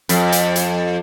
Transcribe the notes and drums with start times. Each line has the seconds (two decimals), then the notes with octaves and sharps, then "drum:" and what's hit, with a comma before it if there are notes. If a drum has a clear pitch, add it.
0.09 F2, drum: hi-hat
0.32 drum: hi-hat
0.56 drum: hi-hat